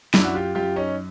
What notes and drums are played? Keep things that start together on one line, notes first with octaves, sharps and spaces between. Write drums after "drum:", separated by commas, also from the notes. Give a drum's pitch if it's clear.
F#2 D4 E4, drum: snare
F#4
F4 G4
F#2 F4 G4
C#4 D#4